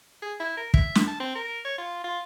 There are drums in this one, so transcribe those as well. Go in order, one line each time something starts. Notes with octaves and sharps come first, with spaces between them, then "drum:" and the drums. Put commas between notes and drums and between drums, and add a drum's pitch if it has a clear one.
G#4
E4
A#4
E5, drum: kick
drum: snare
A5
C4
A#4
C#5
F4
F4